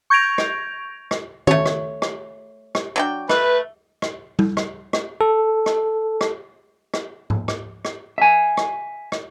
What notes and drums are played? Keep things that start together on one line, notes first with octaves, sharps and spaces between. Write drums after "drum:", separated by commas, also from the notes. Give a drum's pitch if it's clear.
C#6 G6 G#6 A#6 D7 F7
drum: rim click
drum: rim click
A3 C#5, drum: tom
drum: rim click
drum: rim click
drum: rim click
F#3 D4 G5
A3 B4, drum: rim click
drum: rim click
drum: tom G3
drum: rim click
drum: rim click
A4
drum: rim click
drum: rim click
drum: rim click
drum: tom G#2
drum: rim click
drum: rim click
E5 G#5
drum: rim click
drum: rim click